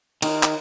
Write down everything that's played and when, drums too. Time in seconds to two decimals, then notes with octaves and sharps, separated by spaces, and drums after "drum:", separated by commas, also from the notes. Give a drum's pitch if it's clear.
0.22 D#3, drum: cymbal
0.43 drum: clap